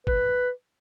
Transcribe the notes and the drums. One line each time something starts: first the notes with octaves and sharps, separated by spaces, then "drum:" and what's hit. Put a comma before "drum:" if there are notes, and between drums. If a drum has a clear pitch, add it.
B4, drum: kick